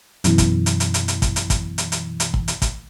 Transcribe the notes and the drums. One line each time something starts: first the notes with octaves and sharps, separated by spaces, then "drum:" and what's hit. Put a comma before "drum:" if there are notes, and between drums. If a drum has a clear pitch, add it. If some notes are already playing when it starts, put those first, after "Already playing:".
F#2 B2 E3, drum: hi-hat
drum: kick, hi-hat
drum: hi-hat
drum: hi-hat
drum: hi-hat
drum: hi-hat
drum: kick, hi-hat
drum: hi-hat
drum: kick, hi-hat
drum: hi-hat
drum: hi-hat
drum: hi-hat
drum: kick
drum: hi-hat
drum: kick, hi-hat